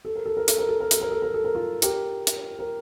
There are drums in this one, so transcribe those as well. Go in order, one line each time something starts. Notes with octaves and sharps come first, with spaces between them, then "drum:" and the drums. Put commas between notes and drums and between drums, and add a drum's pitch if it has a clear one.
A4
A#4
A4
A#4
A4, drum: hi-hat
A#4
A4
A#4
A4, drum: hi-hat
A#4
A4
A#4
A4
A#4
F4 A4
G4 A#4, drum: hi-hat
drum: hi-hat
A#4